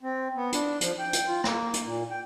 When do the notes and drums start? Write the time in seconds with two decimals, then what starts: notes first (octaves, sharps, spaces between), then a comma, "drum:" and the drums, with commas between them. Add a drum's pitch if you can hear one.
0.03 C4
0.36 B3
0.52 D4, drum: hi-hat
0.81 F3, drum: hi-hat
0.99 G5
1.13 drum: hi-hat
1.27 F4
1.44 A#3, drum: rim click
1.74 drum: hi-hat
1.85 A#2
2.10 G5